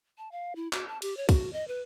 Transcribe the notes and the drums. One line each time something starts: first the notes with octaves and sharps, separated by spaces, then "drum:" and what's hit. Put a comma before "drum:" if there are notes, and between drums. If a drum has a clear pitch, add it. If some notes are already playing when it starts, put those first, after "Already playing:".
A5
F5
E4
F#4, drum: clap
A5
G4, drum: cymbal
C#5
F#4, drum: kick, cymbal
D#5
B4